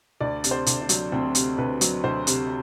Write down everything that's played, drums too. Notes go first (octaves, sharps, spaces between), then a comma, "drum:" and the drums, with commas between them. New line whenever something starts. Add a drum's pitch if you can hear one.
D2 D5
C3, drum: hi-hat
C5
D2, drum: hi-hat
D4
F#3, drum: hi-hat
D2 C4
C3, drum: hi-hat
D2 B4
F#3, drum: hi-hat
D2 C5
C3, drum: hi-hat